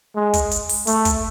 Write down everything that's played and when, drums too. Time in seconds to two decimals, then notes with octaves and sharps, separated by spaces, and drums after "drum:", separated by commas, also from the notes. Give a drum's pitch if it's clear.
0.15 G#3
0.34 drum: kick, hi-hat
0.51 drum: hi-hat
0.69 drum: open hi-hat
0.87 A3, drum: hi-hat
1.05 drum: kick, hi-hat